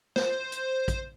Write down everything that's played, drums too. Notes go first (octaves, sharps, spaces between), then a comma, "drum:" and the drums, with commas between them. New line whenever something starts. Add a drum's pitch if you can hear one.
C5, drum: snare
drum: hi-hat
drum: kick, hi-hat